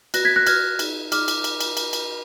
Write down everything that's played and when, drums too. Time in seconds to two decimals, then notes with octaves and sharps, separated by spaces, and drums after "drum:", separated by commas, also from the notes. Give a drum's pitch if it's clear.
0.14 F#4 B4 D5 F#6 A#6, drum: cymbal
0.25 G#6 B6
0.36 F#6 A#6
0.47 F#4 B4 D5 F6 G#6, drum: cymbal
0.79 D#4 G#4 D5, drum: cymbal
1.12 D#4 G#4 D5 D6 F6, drum: cymbal
1.28 drum: cymbal
1.44 drum: cymbal
1.60 drum: cymbal
1.77 drum: cymbal
1.93 drum: cymbal